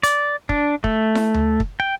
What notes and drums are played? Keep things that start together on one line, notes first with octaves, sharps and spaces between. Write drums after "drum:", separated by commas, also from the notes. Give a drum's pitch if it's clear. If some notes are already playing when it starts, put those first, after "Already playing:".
D5, drum: hi-hat
D4, drum: kick
A3, drum: kick
drum: snare E4
drum: tom D2
drum: kick
G5